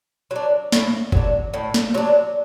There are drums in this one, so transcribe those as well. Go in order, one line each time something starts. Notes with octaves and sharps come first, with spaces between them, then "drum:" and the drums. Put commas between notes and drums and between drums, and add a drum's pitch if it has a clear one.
F#3 D4
A2, drum: snare
F#3 D4, drum: kick
A2
drum: snare
F#3 D4